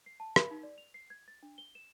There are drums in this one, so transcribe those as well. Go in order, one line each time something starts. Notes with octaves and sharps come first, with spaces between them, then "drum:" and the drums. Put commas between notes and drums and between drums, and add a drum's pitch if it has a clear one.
C7
A5
B5, drum: rim click
D#4
D5
F7
C7
G#6
A6
D4
G7
E7